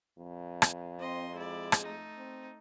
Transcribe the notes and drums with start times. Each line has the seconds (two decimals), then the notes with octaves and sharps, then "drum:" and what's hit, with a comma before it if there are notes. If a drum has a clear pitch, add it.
0.18 F2
0.62 drum: rim click
0.99 C4 D#5 C6
1.35 G#3 E4 D5
1.72 drum: rim click
1.82 A3 D#4
2.17 C4